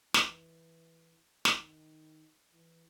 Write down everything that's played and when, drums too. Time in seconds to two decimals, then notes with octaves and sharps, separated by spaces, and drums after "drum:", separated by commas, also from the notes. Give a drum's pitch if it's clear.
0.14 E3, drum: snare
1.45 drum: snare
1.57 D#3
2.52 E3